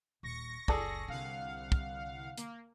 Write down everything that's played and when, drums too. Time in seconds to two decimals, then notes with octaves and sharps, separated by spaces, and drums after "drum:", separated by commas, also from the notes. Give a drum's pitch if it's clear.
0.23 D#1 C#6 A#6 C#7
0.68 F#1 C#2 G#4 A4 D5, drum: kick
1.08 C2 D3 F5 F#5
1.72 drum: kick
2.38 A#3, drum: hi-hat